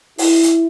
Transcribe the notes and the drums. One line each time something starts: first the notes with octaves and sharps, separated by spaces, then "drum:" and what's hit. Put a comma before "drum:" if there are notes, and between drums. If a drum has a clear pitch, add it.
E4, drum: open hi-hat
drum: hi-hat